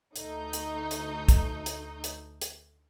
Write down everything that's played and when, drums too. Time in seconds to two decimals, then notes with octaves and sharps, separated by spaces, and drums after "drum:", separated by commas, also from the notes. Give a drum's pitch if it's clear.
0.16 D2 A3 D#4 G6, drum: hi-hat
0.53 drum: hi-hat
0.91 drum: hi-hat
1.29 drum: kick, hi-hat
1.66 drum: hi-hat
2.04 drum: hi-hat
2.41 drum: hi-hat